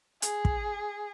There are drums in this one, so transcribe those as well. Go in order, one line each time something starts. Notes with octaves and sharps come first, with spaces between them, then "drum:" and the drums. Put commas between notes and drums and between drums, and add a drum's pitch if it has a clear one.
G#4, drum: hi-hat
drum: kick